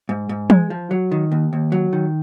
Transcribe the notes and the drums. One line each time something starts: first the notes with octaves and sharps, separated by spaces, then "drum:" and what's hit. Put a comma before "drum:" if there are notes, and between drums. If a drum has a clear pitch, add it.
G#2
G#2
G#3, drum: tom E3
F3
F#3
D#3
D#2
D#2
F#3
D#3